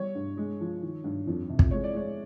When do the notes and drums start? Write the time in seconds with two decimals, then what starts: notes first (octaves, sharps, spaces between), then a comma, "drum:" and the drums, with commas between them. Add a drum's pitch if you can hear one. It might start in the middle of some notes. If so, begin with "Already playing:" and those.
Already playing: G3 C#5
0.15 G2
0.37 G#3
0.60 F3
0.82 D#3
1.04 G2
1.27 F2
1.49 C3
1.59 drum: kick
1.71 G#3 C#5
1.84 D5
1.94 G#3 C#5